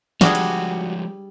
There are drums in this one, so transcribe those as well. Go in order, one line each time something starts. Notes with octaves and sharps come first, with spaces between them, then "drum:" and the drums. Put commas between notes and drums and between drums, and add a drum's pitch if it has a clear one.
F3 G3 G#3 D4 F#4 G#4, drum: snare
drum: cymbal